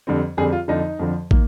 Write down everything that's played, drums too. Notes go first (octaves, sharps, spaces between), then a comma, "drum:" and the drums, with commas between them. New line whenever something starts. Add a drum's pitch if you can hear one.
F2 D3 G3 C4
F2 D3 G3 C4 G#4
F4
F2 D3 F3 D#4
F2 D3 F3
D#3 A#3, drum: kick